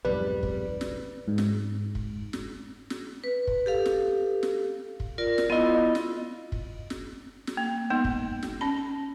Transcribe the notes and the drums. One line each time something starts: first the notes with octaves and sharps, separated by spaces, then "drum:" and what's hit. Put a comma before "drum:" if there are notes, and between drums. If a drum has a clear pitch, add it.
B1 F2 G#2 G3 B4
drum: kick
drum: snare
G#2
drum: snare
drum: kick
drum: snare
drum: snare
B4
drum: kick
G4 A4 F5
drum: snare
drum: snare
drum: kick
F4 A#4 D5
drum: snare
B3 E4 F4 D#5
drum: snare
drum: kick
drum: snare
drum: snare
A#3
G#3 B3 D#4
drum: kick
drum: snare
C#4 B5